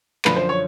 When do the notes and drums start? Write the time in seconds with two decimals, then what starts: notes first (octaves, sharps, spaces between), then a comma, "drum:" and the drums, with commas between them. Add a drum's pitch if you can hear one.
0.25 F#2 D3 F3 B4, drum: clap
0.36 C5
0.49 C#5